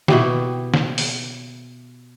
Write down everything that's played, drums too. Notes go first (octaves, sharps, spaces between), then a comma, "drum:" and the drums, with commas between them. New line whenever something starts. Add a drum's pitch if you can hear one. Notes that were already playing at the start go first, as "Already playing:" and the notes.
B2 E4 G4, drum: snare
drum: snare
drum: open hi-hat